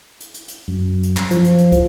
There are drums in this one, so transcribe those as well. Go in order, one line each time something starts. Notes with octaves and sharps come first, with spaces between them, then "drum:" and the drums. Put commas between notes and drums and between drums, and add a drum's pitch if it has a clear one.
drum: hi-hat
drum: hi-hat
drum: hi-hat
F#2
drum: hi-hat
drum: clap
F3, drum: hi-hat
drum: hi-hat
drum: hi-hat
drum: kick, hi-hat